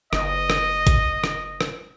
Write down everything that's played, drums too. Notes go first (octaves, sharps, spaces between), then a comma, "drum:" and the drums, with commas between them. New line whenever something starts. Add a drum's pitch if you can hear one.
F#1 D#5, drum: rim click
drum: rim click
drum: kick A1, hi-hat
drum: rim click
drum: rim click